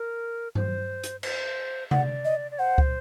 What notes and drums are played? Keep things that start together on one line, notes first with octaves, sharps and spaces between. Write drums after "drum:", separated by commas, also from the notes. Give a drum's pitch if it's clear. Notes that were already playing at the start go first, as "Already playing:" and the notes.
Already playing: A#4
C5, drum: tom G2
drum: hi-hat
C5, drum: cymbal
D5 F#5, drum: tom C3
D#5
D5
C5 F#5
drum: kick